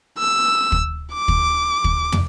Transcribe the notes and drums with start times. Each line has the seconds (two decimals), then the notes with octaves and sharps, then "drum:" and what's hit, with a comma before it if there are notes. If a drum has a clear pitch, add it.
0.18 E6
0.72 drum: kick
1.14 D6
1.28 drum: kick
1.84 drum: kick
2.12 drum: tom